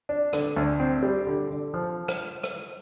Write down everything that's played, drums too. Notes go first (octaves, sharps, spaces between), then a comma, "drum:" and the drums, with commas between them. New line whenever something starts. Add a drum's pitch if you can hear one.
D4
D3, drum: rim click
D2
C4
G3
D3
D3
F3
drum: rim click
drum: rim click